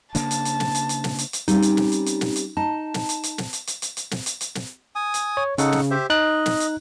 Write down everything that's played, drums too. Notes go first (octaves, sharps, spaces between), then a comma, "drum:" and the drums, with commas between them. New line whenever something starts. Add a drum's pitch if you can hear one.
C#3 A#3 D4 A5, drum: hi-hat
drum: hi-hat
drum: hi-hat
drum: snare
drum: hi-hat
drum: hi-hat
drum: snare
drum: hi-hat
drum: hi-hat
G3 C4 C#4 D#4, drum: hi-hat
drum: hi-hat
drum: snare
drum: hi-hat
drum: hi-hat
drum: snare
drum: hi-hat
D#4 A5
drum: snare
drum: hi-hat
drum: hi-hat
drum: snare
drum: hi-hat
drum: hi-hat
drum: hi-hat
drum: hi-hat
drum: snare
drum: hi-hat
drum: hi-hat
drum: snare
G#5 D#6
drum: hi-hat
C#5
C#3 D#4 A4 F#5, drum: hi-hat
drum: snare
G4 C5 E5
D#4 D#5 F#6
drum: snare
drum: hi-hat